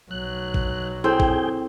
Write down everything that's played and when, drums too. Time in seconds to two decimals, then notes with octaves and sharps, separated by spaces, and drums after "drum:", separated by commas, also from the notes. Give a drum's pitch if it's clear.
0.11 B1 F#3 F#6
0.54 drum: kick A1
1.04 C4 E4 G#4 A4 G5 G6
1.20 drum: kick A1